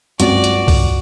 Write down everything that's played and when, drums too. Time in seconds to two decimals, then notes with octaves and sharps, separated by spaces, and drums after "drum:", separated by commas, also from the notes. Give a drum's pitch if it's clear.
0.20 F#1 C#2 G2 C4 F#4 D5, drum: hi-hat
0.44 drum: hi-hat
0.68 drum: kick C2, open hi-hat